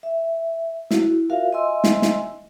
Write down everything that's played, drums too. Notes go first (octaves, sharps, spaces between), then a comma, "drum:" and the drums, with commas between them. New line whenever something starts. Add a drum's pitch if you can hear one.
E5
E4 F#4, drum: snare
F4 F#4 A#4 E5 F5
D#5 E5 G#5 C6 E6
drum: snare
drum: snare